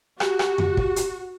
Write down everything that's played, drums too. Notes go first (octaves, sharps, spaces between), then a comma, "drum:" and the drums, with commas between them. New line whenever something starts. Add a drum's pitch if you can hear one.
F#4 G4, drum: rim click
drum: rim click
drum: tom F2
drum: kick
drum: hi-hat